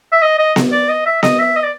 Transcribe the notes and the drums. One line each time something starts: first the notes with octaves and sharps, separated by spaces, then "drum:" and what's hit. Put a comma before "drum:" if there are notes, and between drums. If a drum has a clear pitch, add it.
E5
D#5
D#5
drum: snare B3
D5
D#5
E5
D#5, drum: snare B3
E5
D#5
D5